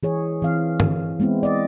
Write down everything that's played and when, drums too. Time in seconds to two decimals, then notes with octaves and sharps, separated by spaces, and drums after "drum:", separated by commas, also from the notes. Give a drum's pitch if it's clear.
0.03 E3 G#4 C#5
0.42 E3 C4 F5
0.80 drum: tom
1.20 G#3 B3 C4 E4
1.43 D5 D#5